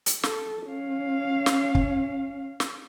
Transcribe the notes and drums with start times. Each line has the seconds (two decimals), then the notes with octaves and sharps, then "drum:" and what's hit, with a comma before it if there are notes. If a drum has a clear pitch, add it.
0.06 drum: hi-hat
0.23 A4, drum: snare
0.68 C#4 F5
1.46 drum: snare
1.75 drum: kick
2.60 drum: snare